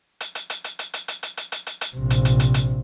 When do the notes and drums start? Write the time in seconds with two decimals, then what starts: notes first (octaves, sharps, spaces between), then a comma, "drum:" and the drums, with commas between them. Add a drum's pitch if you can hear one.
0.20 drum: hi-hat
0.35 drum: hi-hat
0.50 drum: hi-hat
0.64 drum: hi-hat
0.79 drum: hi-hat
0.93 drum: hi-hat
1.08 drum: hi-hat
1.23 drum: hi-hat
1.37 drum: hi-hat
1.52 drum: hi-hat
1.67 drum: hi-hat
1.81 drum: hi-hat
1.96 A#1 C3
2.10 drum: hi-hat
2.25 drum: hi-hat
2.40 drum: hi-hat
2.54 drum: hi-hat